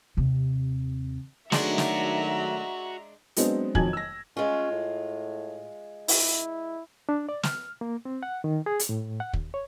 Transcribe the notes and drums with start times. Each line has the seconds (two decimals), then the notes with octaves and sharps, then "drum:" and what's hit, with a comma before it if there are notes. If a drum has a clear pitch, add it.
0.17 D#2 C3
1.52 D#3 F#3 G#3 A3 D4 F#4 E5 A#5, drum: snare
1.78 drum: snare
3.36 F#3 G#3 B3 C4 D4, drum: hi-hat
3.75 F2 D#3 F#3 G#5 G#6 F#7, drum: kick
3.93 E6 A#6
4.37 G#3 C#4 F4
4.71 A2
6.08 E4, drum: open hi-hat
7.09 D4
7.29 D5
7.43 F6, drum: snare
7.81 A#3
8.05 C4
8.23 F#5
8.44 D#3
8.66 G#4
8.79 drum: hi-hat
8.89 A2
9.20 F#5
9.33 D#2, drum: kick
9.54 C#5